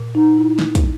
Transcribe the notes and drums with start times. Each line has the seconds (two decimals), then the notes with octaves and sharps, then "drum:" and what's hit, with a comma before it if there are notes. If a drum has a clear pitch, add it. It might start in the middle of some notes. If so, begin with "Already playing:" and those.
Already playing: A#2
0.15 D#4
0.37 E4
0.59 drum: snare
0.75 drum: kick, hi-hat